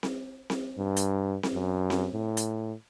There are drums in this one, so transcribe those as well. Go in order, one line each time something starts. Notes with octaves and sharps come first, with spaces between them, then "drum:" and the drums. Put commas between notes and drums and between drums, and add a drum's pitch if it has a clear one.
drum: snare C4
drum: snare C4
G2
drum: hi-hat
drum: snare C4
F#2
drum: snare C4
A2
drum: hi-hat